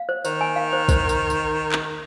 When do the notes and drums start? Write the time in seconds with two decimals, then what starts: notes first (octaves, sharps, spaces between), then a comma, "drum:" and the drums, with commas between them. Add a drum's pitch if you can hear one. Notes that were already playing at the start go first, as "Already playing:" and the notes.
Already playing: F5
0.09 C5
0.25 D#3 C5, drum: tambourine
0.41 G#5
0.56 F5
0.73 C5
0.89 C5, drum: kick, tambourine
1.09 drum: tambourine
1.30 drum: tambourine
1.72 drum: clap